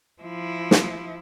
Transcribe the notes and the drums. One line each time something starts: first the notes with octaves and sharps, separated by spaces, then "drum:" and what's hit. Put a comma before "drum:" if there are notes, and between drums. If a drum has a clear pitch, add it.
F3 E4
drum: snare